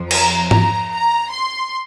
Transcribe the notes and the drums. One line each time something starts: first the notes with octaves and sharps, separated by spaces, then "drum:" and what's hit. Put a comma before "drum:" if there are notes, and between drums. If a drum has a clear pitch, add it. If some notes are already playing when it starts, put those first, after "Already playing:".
Already playing: F2 F3
A#5, drum: cymbal
A#5, drum: tom G#2
A#5
C6